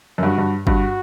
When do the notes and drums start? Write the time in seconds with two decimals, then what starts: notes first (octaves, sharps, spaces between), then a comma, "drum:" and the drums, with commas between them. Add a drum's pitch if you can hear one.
0.18 F#2
0.23 G2 F#4
0.38 G2
0.67 G2 F#4, drum: kick